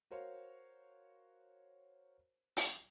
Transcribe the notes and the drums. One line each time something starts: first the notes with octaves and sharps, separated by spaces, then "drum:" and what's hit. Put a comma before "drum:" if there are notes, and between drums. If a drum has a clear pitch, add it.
F#4 A#4 C5 C#5 F5
drum: open hi-hat